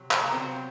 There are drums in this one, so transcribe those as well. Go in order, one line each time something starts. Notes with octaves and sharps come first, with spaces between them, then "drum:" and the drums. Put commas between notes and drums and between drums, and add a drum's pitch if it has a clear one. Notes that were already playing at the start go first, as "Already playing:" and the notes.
Already playing: C3 F#3
drum: clap
A#3
C3 F#3 C4